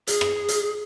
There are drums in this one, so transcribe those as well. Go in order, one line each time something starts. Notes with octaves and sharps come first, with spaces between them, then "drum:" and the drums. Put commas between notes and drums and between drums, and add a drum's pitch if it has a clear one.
G#4, drum: hi-hat
drum: rim click
drum: hi-hat